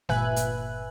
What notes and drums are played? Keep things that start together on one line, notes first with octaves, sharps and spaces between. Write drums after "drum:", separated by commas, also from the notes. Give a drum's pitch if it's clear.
G1 A#2 B4 E5 G#5 F#6, drum: snare G#3
drum: hi-hat